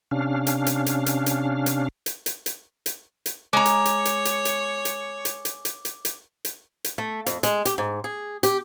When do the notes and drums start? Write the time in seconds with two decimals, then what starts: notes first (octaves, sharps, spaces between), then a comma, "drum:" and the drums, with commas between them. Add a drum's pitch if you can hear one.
0.11 C3 C#4 D4 F5
0.47 drum: hi-hat
0.66 drum: hi-hat
0.86 drum: hi-hat
1.06 drum: hi-hat
1.26 drum: hi-hat
1.66 drum: hi-hat
2.06 drum: hi-hat
2.26 drum: hi-hat
2.46 drum: hi-hat
2.86 drum: hi-hat
3.26 drum: hi-hat
3.53 G#3 C#5 A#5 D6
3.65 drum: hi-hat
3.85 drum: hi-hat
4.05 drum: hi-hat
4.25 drum: hi-hat
4.45 drum: hi-hat
4.85 drum: hi-hat
5.25 drum: hi-hat
5.45 drum: hi-hat
5.65 drum: hi-hat
5.85 drum: hi-hat
6.05 drum: hi-hat
6.45 drum: hi-hat
6.84 drum: hi-hat
6.98 A3
7.26 F2, drum: hi-hat
7.43 G#3, drum: hi-hat
7.65 G4, drum: hi-hat
7.78 G#2
8.04 G#4
8.43 G4, drum: hi-hat